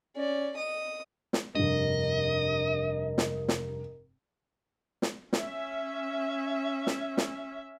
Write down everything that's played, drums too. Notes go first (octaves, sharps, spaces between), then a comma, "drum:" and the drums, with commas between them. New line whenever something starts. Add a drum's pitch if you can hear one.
C#4 D5
D#5 D#6
drum: snare
F1 G2 A#4 D#5
drum: snare
drum: snare
drum: snare
C#4 E5, drum: snare
drum: snare
drum: snare